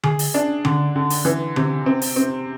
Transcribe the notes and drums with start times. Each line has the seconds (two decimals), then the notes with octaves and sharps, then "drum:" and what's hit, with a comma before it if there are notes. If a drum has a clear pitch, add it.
0.03 G#4, drum: tom D3
0.19 drum: open hi-hat
0.34 D4
0.65 D3, drum: tom D3
0.96 D3
1.10 drum: open hi-hat
1.25 E3
1.56 C3, drum: tom D3
1.86 C4
2.02 drum: open hi-hat
2.16 C4